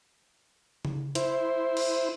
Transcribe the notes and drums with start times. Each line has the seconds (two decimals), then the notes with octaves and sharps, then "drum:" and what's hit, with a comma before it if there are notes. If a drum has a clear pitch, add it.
0.85 drum: tom C#3
1.15 E4 C5, drum: hi-hat
1.77 drum: cymbal